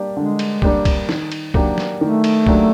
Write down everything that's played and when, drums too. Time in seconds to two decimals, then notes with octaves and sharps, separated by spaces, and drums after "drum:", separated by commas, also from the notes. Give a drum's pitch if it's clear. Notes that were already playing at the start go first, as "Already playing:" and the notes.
Already playing: G3 A#3 D4 G4
0.16 D3 G#3
0.39 drum: cymbal
0.62 G3 A#3 D4 G4, drum: kick
0.85 drum: kick, cymbal
1.09 D#3, drum: snare
1.32 drum: cymbal
1.54 F#3 A#3 D4 G4, drum: kick
1.78 drum: snare
2.01 D#3 A3
2.24 drum: cymbal
2.47 F#3 A#3 D4 G4, drum: kick